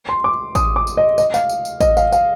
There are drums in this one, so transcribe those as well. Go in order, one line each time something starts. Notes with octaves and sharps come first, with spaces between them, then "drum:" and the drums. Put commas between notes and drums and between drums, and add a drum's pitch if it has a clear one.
C6
D6
D#6, drum: kick A1, tambourine
D6
drum: tambourine
D#5
D#5, drum: tambourine
F5, drum: tambourine
drum: tambourine
drum: tambourine
D#5, drum: kick A1, tambourine
F5, drum: tambourine
F5, drum: tambourine